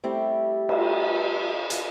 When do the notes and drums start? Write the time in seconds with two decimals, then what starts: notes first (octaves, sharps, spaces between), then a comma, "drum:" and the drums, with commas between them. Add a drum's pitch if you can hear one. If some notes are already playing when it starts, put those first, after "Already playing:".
0.04 G3 A3 C4 E4 G4
0.69 drum: cymbal
1.70 drum: hi-hat